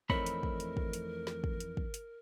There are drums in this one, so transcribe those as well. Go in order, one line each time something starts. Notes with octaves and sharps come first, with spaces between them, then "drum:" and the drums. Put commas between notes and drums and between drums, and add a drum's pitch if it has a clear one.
F2 E3 A3 C4 D#4 A#4 C#5 B5, drum: kick
drum: hi-hat
drum: kick
drum: hi-hat
drum: kick
drum: hi-hat
drum: snare
drum: kick
drum: hi-hat
drum: kick
drum: hi-hat